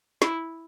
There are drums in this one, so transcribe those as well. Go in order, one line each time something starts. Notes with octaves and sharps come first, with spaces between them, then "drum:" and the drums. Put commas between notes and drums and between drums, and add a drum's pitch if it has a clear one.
E4, drum: snare